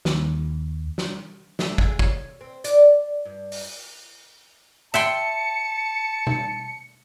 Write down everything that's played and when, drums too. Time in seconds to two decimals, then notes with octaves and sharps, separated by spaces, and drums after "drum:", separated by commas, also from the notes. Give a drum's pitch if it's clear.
0.05 D#2, drum: snare
0.98 drum: snare
1.59 A3, drum: snare
1.78 G#3, drum: kick
1.99 C#5, drum: kick
2.41 C4
2.64 D5, drum: hi-hat
3.25 G2
3.52 drum: open hi-hat
4.94 E5 G5 A5 C6 C#7
6.27 drum: tom B2